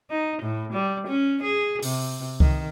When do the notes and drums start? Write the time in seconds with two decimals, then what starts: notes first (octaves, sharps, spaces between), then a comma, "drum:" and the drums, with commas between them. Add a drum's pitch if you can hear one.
0.11 D#4
0.42 A2
0.73 G3
1.08 C#4
1.43 G#4
1.82 C3, drum: open hi-hat
2.40 D#3, drum: kick C2